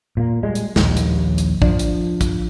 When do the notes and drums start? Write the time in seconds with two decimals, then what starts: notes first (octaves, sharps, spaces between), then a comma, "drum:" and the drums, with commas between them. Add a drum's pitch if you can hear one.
0.17 A#2 A#3
0.43 G3 G#3
0.55 drum: hi-hat
0.76 A#1 D#2, drum: snare
0.97 drum: hi-hat
1.38 drum: hi-hat
1.62 F3 D4, drum: kick
1.79 drum: hi-hat
2.21 drum: kick, hi-hat